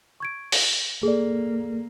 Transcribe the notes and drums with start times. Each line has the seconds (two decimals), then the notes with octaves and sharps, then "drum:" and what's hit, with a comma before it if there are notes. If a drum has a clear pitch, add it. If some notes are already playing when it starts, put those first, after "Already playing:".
0.20 C#6 G#6 D7
0.52 drum: open hi-hat
1.03 A#3 G#4 A4 D5